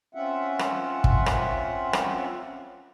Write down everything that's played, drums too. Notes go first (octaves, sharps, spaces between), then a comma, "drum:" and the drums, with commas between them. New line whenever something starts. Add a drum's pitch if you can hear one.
C4 C#4 F4 E5 F#5
drum: rim click
drum: kick
drum: rim click
drum: rim click